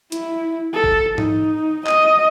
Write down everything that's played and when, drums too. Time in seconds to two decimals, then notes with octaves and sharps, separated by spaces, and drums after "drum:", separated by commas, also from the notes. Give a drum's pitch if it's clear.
0.12 E4, drum: hi-hat
0.74 A4
0.84 drum: kick G#1
1.18 D#4, drum: tom G#2
1.87 D#5, drum: clap